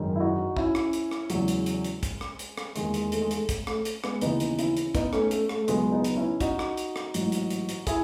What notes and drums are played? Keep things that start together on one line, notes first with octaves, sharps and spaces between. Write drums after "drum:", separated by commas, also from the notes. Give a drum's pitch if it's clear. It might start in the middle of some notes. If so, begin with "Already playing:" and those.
Already playing: G#1 F#2 D#3 G#3
E4
D#4 F#4
C#4 E4, drum: kick
drum: rim click
drum: hi-hat
drum: rim click
E2 C#3 F#3 G#3, drum: hi-hat
drum: hi-hat
drum: hi-hat
drum: hi-hat
drum: kick, hi-hat
drum: rim click
drum: hi-hat
drum: rim click
E1 D#2 D#3 G#3, drum: hi-hat
G#3, drum: hi-hat
A3, drum: hi-hat
G#3
A3, drum: hi-hat
drum: kick, hi-hat
A3, drum: rim click
drum: hi-hat
G#3 B3, drum: rim click
D#2 C#3 E3 B3 D#4, drum: hi-hat
drum: hi-hat
C#4 E4, drum: hi-hat
drum: hi-hat
B3 D#4, drum: kick, hi-hat
A3 C#4, drum: rim click
A3, drum: hi-hat
A3, drum: rim click
A3
C#2 B2 F#3 G#3 B3, drum: hi-hat
B3 D#4
drum: hi-hat
C#4 E4
D#4 F#4, drum: kick, hi-hat
drum: rim click
drum: hi-hat
drum: rim click
A1 G#2 F#3, drum: hi-hat
drum: hi-hat
drum: hi-hat
drum: hi-hat
E4 G#4, drum: kick, hi-hat